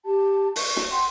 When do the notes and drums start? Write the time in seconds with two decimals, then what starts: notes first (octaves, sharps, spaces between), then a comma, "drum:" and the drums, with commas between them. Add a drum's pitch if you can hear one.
0.05 G4 A5
0.56 C#6, drum: open hi-hat
0.77 drum: snare
0.90 F#5 G5 C6